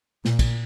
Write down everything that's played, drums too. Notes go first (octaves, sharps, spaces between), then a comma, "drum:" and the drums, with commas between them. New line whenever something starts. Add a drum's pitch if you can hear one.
A#2, drum: snare
drum: kick, cymbal